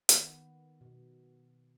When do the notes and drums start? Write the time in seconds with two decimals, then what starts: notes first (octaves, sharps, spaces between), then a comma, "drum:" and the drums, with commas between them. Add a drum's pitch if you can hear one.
0.09 D#3 B3, drum: hi-hat
0.81 B2